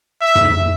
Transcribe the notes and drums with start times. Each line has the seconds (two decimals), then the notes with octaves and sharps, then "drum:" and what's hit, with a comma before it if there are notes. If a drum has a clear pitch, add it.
0.21 E5
0.35 drum: tom